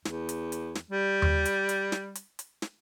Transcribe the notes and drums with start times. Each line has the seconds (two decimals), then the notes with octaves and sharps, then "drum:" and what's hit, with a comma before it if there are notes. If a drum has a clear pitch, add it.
0.05 E2, drum: snare
0.29 drum: hi-hat
0.52 drum: hi-hat
0.75 drum: snare
0.91 G3
1.22 drum: tom D#2
1.45 drum: hi-hat
1.69 drum: hi-hat
1.92 drum: snare
2.15 drum: hi-hat
2.39 drum: hi-hat
2.62 drum: snare